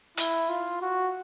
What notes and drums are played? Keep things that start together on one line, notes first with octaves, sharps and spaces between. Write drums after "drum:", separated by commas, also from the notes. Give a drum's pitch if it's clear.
E4, drum: hi-hat
F4
F#4